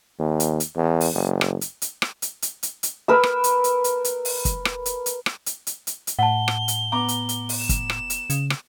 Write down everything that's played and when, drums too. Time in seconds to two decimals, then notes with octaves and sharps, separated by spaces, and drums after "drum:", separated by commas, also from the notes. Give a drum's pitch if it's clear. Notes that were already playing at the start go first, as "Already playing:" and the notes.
0.19 D#2
0.40 drum: hi-hat
0.60 drum: hi-hat
0.76 E2
1.01 drum: open hi-hat
1.14 F#1
1.41 drum: rim click
1.61 drum: hi-hat
1.82 drum: hi-hat
2.02 drum: rim click
2.22 drum: hi-hat
2.42 drum: hi-hat
2.63 drum: hi-hat
2.83 drum: hi-hat
3.08 A#4 B4 E6
3.23 drum: rim click
3.44 drum: hi-hat
3.64 drum: hi-hat
3.84 drum: hi-hat
4.05 drum: hi-hat
4.25 drum: open hi-hat
4.45 drum: kick, hi-hat
4.65 drum: rim click
4.86 drum: hi-hat
5.06 drum: hi-hat
5.26 drum: rim click
5.46 drum: hi-hat
5.67 drum: hi-hat
5.87 drum: hi-hat
6.07 drum: hi-hat
6.19 A2 F#5 A5 G7
6.48 drum: rim click
6.68 drum: hi-hat
6.92 B3 A#5 D6
7.08 drum: hi-hat
7.29 drum: hi-hat
7.49 drum: open hi-hat
7.59 E7
7.69 drum: kick, hi-hat
7.90 drum: rim click
8.10 drum: hi-hat
8.30 C#3, drum: hi-hat
8.50 drum: rim click